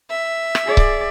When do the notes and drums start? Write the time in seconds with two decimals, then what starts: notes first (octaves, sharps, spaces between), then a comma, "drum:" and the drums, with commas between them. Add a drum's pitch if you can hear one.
0.10 E5
0.55 drum: rim click
0.64 G#4 D5
0.77 drum: kick C#1